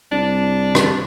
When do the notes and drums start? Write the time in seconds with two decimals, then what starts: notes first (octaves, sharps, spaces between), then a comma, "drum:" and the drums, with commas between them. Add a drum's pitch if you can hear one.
0.12 C2 D4
0.75 drum: rim click